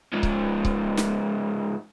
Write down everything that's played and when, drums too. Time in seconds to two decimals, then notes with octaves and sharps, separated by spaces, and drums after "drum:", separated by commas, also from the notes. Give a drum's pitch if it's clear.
0.13 G#2 F3
0.23 drum: kick C#1
0.65 drum: kick C#1
0.97 drum: snare